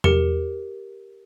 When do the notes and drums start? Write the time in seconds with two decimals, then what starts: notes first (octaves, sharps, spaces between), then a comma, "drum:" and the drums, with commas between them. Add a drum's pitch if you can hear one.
0.04 G4 A#4 C#7, drum: tom E2